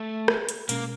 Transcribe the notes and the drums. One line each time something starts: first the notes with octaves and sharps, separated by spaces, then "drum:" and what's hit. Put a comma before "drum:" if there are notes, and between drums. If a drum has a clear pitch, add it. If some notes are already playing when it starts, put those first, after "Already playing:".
Already playing: A3
drum: rim click
drum: hi-hat
B2 G#3 A#3 C#4, drum: hi-hat